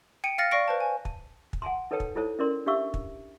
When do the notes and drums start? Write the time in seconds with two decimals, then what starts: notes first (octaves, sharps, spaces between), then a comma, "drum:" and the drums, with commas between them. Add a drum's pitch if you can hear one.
0.24 G5 C#7 D#7
0.38 F5 F6 A6 A#6 C#7
0.51 D5 F5 C#6 A#6 D7
0.68 B4 C5 A5
0.80 G#5
1.05 A5, drum: kick
1.53 drum: kick
1.62 F#5 G#5 A5 C6
1.91 D#4 A4 B4 C#5 G5 A5
2.00 drum: kick
2.16 D#4 E4 A4 C5 C#5 A5
2.39 C#4 E4 A#4 D5 C6
2.66 D4 G4 E5 F5 C#6 E6
2.94 drum: kick